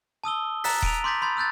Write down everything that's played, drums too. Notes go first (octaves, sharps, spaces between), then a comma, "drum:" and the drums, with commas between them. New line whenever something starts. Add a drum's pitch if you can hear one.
A5 D#6 E6 G7
A#5 E6 F#6 A6 B6, drum: open hi-hat
D7 D#7 F7, drum: kick D#1
C6 D6 G6 A6 B6
B5 C6 G6 A6
E6 F#6 G6 A6